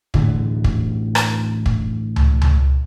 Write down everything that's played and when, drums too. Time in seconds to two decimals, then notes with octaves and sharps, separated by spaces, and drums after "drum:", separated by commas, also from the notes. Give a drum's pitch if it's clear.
0.14 A2 D3 E3 A3, drum: kick
0.64 drum: kick
1.15 drum: rim click
1.66 drum: kick
2.16 drum: tom C#2
2.42 drum: tom C#2